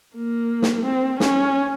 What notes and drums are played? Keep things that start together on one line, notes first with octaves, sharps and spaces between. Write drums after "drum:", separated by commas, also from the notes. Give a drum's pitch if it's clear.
A#3
drum: snare
C4
C#4, drum: snare